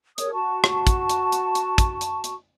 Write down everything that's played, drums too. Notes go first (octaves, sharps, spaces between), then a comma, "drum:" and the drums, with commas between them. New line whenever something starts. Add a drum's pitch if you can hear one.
G#4 A#4 C#5 D#6, drum: hi-hat
F#4 A5 C#6
drum: rim click
drum: kick, hi-hat
drum: hi-hat
drum: hi-hat
drum: hi-hat
drum: kick, hi-hat
drum: hi-hat
drum: hi-hat